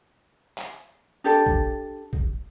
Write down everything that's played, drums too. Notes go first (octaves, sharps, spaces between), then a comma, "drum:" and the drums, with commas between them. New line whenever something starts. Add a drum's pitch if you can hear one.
drum: clap
D4 G4 A4
drum: kick A#1
drum: kick A#1